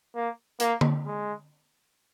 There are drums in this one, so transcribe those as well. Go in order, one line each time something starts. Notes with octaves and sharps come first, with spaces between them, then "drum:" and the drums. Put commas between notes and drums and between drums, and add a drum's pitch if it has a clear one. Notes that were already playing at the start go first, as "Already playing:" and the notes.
A#3
A#3, drum: hi-hat
drum: tom D3
G#3